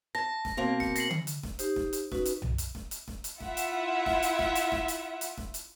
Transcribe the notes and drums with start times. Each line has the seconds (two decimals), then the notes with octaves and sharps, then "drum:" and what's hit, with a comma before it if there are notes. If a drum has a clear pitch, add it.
0.15 A5 A#6
0.45 drum: snare
0.57 B2 A#3 C4
0.80 C#7, drum: snare
0.96 A#6 C7 F#7, drum: hi-hat
1.11 drum: tom D3
1.27 drum: hi-hat
1.43 drum: snare
1.59 D#4 G4 C5, drum: hi-hat
1.76 drum: snare
1.93 drum: hi-hat
2.12 C#4 D#4 F#4 B4, drum: snare
2.25 drum: hi-hat
2.42 drum: tom B1
2.58 drum: hi-hat
2.75 drum: snare
2.91 drum: hi-hat
3.08 drum: snare
3.24 drum: hi-hat
3.40 E4 F4 E5 F#5, drum: snare
3.57 drum: hi-hat
4.06 drum: snare
4.23 drum: hi-hat
4.39 drum: snare
4.55 drum: hi-hat
4.72 drum: snare
4.88 drum: hi-hat
5.21 drum: hi-hat
5.38 drum: snare
5.54 drum: hi-hat